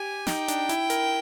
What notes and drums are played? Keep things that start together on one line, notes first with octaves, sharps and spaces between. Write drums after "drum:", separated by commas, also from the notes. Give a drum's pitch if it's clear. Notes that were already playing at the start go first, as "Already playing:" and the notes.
Already playing: G4 G#5
D#4 G5, drum: snare
D4, drum: hi-hat
E4, drum: hi-hat
A#4, drum: hi-hat